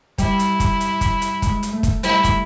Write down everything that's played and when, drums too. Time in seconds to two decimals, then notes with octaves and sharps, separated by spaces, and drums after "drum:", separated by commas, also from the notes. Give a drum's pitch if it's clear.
0.18 G3 E4, drum: kick, hi-hat
0.39 drum: hi-hat
0.60 drum: kick, hi-hat
0.80 drum: hi-hat
1.01 drum: kick, hi-hat
1.22 drum: hi-hat
1.42 G#3, drum: kick, hi-hat
1.63 drum: hi-hat
1.73 A3
1.83 drum: kick, hi-hat
2.03 G3 E4, drum: hi-hat
2.24 drum: kick, hi-hat